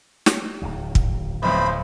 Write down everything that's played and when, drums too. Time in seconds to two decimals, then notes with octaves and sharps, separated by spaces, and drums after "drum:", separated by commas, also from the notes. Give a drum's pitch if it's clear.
0.26 drum: snare
0.62 D1 D#2 F#3
0.95 drum: kick
1.43 B1 F2 A2 C5 B5